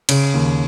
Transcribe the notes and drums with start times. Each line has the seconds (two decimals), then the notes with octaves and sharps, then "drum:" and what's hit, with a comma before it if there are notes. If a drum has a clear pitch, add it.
0.09 C#3, drum: cymbal
0.34 D#2